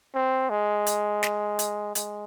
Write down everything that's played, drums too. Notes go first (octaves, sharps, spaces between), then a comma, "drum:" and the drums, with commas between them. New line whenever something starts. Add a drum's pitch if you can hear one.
C4
G#3
drum: hi-hat
drum: snare
drum: hi-hat
G#3, drum: hi-hat